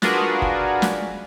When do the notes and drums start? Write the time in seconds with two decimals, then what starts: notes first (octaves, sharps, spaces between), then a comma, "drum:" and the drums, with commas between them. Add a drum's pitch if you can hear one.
0.02 D4 F4 F#4 G#4 A#4 B4, drum: snare
0.42 drum: kick F#1
0.82 drum: snare